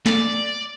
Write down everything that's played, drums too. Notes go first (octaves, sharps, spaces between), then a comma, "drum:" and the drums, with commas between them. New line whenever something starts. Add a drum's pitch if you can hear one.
D5, drum: snare